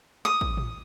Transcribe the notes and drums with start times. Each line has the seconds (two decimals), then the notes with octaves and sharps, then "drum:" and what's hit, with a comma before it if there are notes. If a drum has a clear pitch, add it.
0.25 D#6
0.41 drum: kick
0.57 drum: tom A2